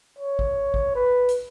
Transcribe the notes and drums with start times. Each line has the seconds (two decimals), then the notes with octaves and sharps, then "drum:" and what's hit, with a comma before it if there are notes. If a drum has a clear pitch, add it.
0.19 C#5
0.39 drum: kick G#1
0.74 drum: kick G#1
0.95 B4
1.28 drum: hi-hat